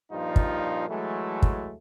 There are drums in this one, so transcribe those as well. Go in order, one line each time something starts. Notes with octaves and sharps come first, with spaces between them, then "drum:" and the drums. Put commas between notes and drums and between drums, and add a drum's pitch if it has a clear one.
G2 A#2 F3 D#4 F4
drum: kick
E3 F#3 G#3 A3
drum: kick